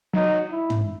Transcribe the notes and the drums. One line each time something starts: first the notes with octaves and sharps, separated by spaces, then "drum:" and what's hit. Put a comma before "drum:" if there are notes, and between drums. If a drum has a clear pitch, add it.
F#3 D#4
E4
drum: tom